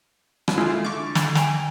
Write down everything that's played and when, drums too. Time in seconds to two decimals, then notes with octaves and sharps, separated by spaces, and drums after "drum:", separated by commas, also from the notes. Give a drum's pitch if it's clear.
0.48 drum: rim click
0.58 F#2 G#3 A3 E4 F4
0.84 D3 C#6 D6
1.15 drum: snare
1.35 G5 G#5 A#5, drum: snare